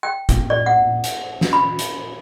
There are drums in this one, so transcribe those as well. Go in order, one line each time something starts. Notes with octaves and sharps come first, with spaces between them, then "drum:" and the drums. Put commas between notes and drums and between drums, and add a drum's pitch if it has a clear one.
G5
drum: kick, hi-hat
D5
F#5
drum: hi-hat
drum: snare
B5
drum: hi-hat